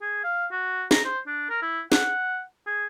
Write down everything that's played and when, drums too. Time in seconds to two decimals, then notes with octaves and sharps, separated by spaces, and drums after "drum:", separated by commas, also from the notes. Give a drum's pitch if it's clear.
0.02 G#4
0.24 F5
0.52 F#4
0.91 A#5, drum: snare
1.05 C5
1.27 D4
1.50 A#4
1.62 E4
1.92 F#5, drum: snare
2.67 G#4